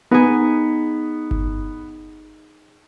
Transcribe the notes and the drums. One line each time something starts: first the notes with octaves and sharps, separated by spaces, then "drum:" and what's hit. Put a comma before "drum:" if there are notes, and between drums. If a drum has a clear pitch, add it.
B3 D#4 G#4
drum: kick G1